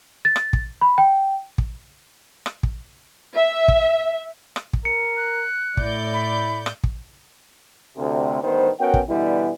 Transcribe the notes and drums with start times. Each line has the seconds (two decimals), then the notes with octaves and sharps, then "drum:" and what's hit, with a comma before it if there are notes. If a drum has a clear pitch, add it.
0.25 A6
0.36 drum: rim click
0.53 drum: kick
0.81 B5
0.98 G5
1.58 drum: kick
2.46 drum: rim click
2.63 drum: kick
3.35 E5
3.68 drum: kick
4.56 drum: rim click
4.73 drum: kick
4.85 A#4 C#7
5.17 F#6
5.77 A2 E4 D5 G6, drum: kick
6.14 B5
6.66 drum: rim click
6.84 drum: kick
7.97 D2 C3
8.42 A1 G2 D#3 B3 C5
8.80 B3 C#4 F#4 A#4 C#5 G5
8.94 drum: kick
9.09 B2 D3 E3 G3 B3 E4